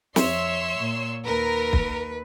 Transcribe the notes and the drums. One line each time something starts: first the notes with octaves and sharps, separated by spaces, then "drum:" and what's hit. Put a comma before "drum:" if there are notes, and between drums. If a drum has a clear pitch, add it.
F2 C#5 E5 C6 E6, drum: snare
A#2
D#2 A#4 B4
drum: kick